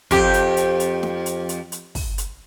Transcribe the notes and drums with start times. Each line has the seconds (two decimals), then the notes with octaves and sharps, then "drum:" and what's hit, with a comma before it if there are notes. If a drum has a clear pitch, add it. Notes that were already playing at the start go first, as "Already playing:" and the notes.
0.11 F2 G4, drum: kick, hi-hat
0.34 drum: hi-hat
0.57 drum: hi-hat
0.80 drum: hi-hat
1.03 drum: snare
1.26 drum: hi-hat
1.49 drum: hi-hat
1.72 drum: hi-hat
1.95 drum: kick, open hi-hat
2.18 drum: hi-hat